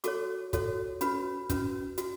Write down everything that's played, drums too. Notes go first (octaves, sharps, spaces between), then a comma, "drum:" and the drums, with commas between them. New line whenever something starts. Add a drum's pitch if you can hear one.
F#4 A4 C#5 D6, drum: hi-hat
F#4 A4 C#5, drum: kick, hi-hat
C#4 F#4 B4 B5, drum: hi-hat
C#4 F#4 B4, drum: kick, hi-hat
F#4, drum: hi-hat